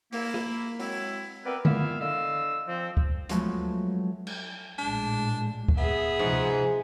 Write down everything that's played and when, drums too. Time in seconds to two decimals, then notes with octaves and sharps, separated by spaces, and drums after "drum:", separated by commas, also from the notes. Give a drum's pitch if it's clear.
0.13 A#3 E4, drum: open hi-hat
0.34 drum: rim click
0.80 F#3 G#3 C4 E4, drum: open hi-hat
1.45 B3 C4 A#4 B4 D5 E5
1.65 A#2 B3 E4 E5 F5, drum: tom D3
2.01 D3 D#5 F5 E6
2.67 F3 C4
2.97 drum: kick D2
3.29 F3 F#3 G#3 A3 B3 C#4, drum: hi-hat
4.27 drum: cymbal
4.78 A#1 A2 G#3 D4
5.68 drum: kick D2
5.78 B3 G#4 E5
6.19 G#2 C3 F3